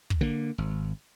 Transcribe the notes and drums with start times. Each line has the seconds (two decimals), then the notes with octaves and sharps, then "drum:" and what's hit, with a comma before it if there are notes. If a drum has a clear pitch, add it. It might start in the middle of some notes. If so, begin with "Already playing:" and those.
0.10 drum: kick
0.21 D3 A#3
0.58 G#1